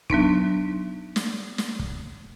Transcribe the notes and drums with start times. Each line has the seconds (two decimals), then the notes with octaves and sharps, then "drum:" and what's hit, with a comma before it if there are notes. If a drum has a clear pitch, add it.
0.10 F#3 B3 D4 D#4, drum: kick
1.16 drum: snare
1.58 drum: snare
1.79 drum: kick